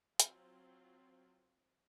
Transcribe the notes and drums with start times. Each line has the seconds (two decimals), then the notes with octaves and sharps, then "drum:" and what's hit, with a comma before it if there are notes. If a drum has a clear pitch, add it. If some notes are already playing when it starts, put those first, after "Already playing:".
0.20 F#3 C4 F4, drum: hi-hat